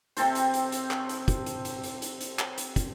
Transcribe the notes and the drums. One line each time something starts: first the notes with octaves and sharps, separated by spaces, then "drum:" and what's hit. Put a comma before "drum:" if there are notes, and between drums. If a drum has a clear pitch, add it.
C3 C4 A4 C5, drum: hi-hat
drum: hi-hat
drum: hi-hat
drum: hi-hat
drum: clap
drum: hi-hat
drum: kick, hi-hat
drum: hi-hat
drum: hi-hat
drum: hi-hat
drum: hi-hat
drum: hi-hat
drum: clap
drum: hi-hat
drum: kick, hi-hat